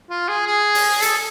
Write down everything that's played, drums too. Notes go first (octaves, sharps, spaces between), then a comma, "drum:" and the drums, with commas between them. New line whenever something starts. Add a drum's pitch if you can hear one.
F4
G#4
G#4
drum: open hi-hat
A4, drum: hi-hat